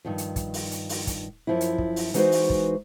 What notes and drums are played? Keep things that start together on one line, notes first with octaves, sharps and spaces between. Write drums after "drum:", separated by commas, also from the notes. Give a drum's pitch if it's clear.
G2 D#3 F3
drum: hi-hat
drum: kick, hi-hat
drum: open hi-hat
drum: hi-hat
drum: open hi-hat
drum: kick, hi-hat
F#2 F3 E4
drum: hi-hat
drum: kick
drum: open hi-hat
E3 G#3 D#4 F#4 B4 C5, drum: hi-hat
drum: open hi-hat
drum: kick